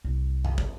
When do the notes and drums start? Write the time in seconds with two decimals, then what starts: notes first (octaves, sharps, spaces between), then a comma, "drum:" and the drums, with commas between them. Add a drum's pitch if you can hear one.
0.04 C2
0.45 drum: tom F#2
0.58 drum: kick